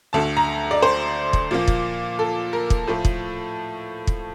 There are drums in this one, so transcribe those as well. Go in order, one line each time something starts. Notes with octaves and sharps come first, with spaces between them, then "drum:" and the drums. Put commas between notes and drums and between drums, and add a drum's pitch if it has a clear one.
D2 D3 A3 A5
A#5
D5
C5
drum: kick
A#2 F3 A#3
drum: kick
A4
A#4
drum: kick
A2 F3 A3 A4
drum: kick
drum: kick